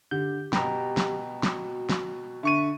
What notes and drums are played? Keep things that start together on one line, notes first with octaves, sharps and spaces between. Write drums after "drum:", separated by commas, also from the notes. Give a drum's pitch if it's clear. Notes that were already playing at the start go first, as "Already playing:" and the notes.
D3 G4 G6
B2 G5 A#5 B5, drum: snare
drum: snare
F#4, drum: snare
drum: snare
D3 E5 C#6 D#7